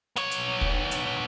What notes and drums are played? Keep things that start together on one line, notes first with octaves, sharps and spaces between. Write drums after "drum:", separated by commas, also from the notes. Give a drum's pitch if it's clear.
B3 C#5, drum: snare
drum: hi-hat
drum: kick
drum: hi-hat